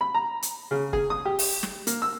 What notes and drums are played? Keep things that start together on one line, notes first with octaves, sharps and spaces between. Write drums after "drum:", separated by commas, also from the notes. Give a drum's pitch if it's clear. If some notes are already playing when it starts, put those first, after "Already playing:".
B5
A#5
drum: hi-hat
C#3
G#4, drum: kick
D#6
G4
drum: open hi-hat
drum: snare
A#3, drum: hi-hat
E6